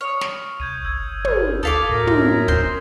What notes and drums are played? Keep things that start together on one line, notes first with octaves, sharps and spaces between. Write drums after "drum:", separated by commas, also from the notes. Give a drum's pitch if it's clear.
C#5 D#6 F6
drum: snare
C2 G6 G#6 D#7
G1 E6 G#6
drum: tom
D2 A4 F5 D6 D#6 A6 B6
F#2 A2 A#4
drum: tom
C5 C6, drum: kick